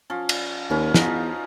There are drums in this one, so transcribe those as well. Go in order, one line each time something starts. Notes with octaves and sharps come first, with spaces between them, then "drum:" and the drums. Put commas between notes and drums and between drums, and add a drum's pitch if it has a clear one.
F3 C#4
drum: cymbal
D#2 C#4 B4
E2 F3 D#4 F#4, drum: snare